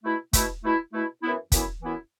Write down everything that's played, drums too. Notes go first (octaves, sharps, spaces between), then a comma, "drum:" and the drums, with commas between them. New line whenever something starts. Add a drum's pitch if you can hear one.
B2 A3 E4
B2 A3 E4, drum: kick, hi-hat
B2 A3 E4
B2 A3 E4
F#2 E3 B3 E4
F#2 E3 B3 E4, drum: kick, hi-hat
F#2 E3 B3 E4